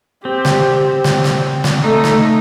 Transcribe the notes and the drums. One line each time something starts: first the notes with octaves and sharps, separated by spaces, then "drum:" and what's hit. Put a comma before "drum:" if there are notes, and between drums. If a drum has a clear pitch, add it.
C4 G4
drum: snare
drum: snare
drum: snare
drum: snare
A3 D#4
drum: snare